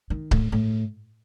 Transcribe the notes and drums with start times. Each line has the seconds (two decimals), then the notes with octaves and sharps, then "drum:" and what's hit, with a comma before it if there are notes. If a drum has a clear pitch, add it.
0.10 D#3
0.31 A2, drum: kick C#1
0.52 A2